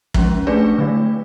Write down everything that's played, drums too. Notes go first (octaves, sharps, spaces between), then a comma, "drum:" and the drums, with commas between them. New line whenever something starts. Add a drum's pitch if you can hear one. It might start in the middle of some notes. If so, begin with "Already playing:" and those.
F3 G#3 C#4, drum: kick
A3 D4 G#4 B4 D5
D3 F#3 A3